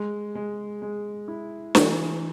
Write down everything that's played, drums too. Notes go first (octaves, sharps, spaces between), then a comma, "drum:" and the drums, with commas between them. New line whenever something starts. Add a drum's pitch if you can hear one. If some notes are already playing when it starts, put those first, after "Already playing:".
Already playing: G#3
G#3
G#3
E4
E3, drum: snare